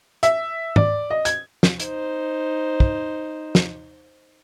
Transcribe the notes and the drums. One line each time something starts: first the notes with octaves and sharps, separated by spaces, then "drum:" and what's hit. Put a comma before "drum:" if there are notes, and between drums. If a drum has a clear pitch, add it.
E5, drum: hi-hat
D5, drum: tom G#2
D#5
G#6, drum: hi-hat
drum: snare
D#4 C5, drum: hi-hat
drum: kick
drum: snare